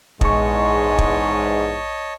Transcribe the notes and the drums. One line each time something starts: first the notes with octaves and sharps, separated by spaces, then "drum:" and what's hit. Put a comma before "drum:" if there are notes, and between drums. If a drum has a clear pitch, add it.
A#1 E2 G#2 G#3 C#5 D#5 A5 C#6, drum: kick
drum: kick